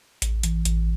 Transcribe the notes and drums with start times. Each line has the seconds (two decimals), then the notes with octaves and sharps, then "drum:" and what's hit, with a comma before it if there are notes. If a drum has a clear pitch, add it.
0.22 A1, drum: hi-hat
0.43 E3, drum: hi-hat
0.65 A1, drum: hi-hat